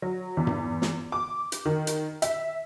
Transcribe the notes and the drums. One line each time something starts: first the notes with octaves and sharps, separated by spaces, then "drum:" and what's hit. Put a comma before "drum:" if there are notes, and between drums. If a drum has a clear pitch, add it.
F#3
E2
drum: tom G2
drum: snare
D6
drum: hi-hat
D#3
drum: hi-hat
E5, drum: hi-hat